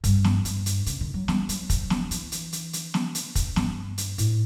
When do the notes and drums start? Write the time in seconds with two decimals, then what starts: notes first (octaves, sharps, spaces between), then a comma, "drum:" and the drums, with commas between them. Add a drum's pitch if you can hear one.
0.04 G2, drum: kick, hi-hat
0.24 drum: snare
0.45 G2, drum: hi-hat
0.66 drum: hi-hat
0.86 C#3, drum: hi-hat
1.01 D3
1.14 F#3
1.28 G3, drum: snare
1.49 F#3, drum: hi-hat
1.70 drum: kick, hi-hat
1.90 drum: snare
2.11 E3, drum: hi-hat
2.32 drum: hi-hat
2.52 drum: hi-hat
2.73 drum: hi-hat
2.94 drum: snare
3.15 drum: hi-hat
3.35 drum: kick, hi-hat
3.56 G2, drum: snare
3.98 drum: hi-hat
4.18 A2, drum: hi-hat